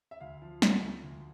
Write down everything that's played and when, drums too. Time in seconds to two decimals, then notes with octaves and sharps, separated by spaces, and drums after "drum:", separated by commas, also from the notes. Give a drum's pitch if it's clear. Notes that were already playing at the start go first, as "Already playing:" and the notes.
0.11 E5
0.21 D2 F5
0.42 F3
0.62 D3, drum: snare
0.83 D2
1.04 D2